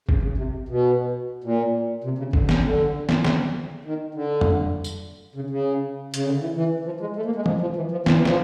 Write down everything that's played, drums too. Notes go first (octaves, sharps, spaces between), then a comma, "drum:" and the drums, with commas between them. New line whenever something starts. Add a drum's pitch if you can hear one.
C#3, drum: kick
C#3
C3
B2
A#2
C3
C#3
D3, drum: kick
C#3, drum: snare
D3
drum: snare
D3, drum: snare
D#3
D3
drum: tom F2
drum: tambourine
C#3
C#3
C#3, drum: hi-hat
D3
E3
E3
F3
G#3
A3
A#3
G#3
F3, drum: tom
F3
E3
F3
E3, drum: snare
E3
F3, drum: snare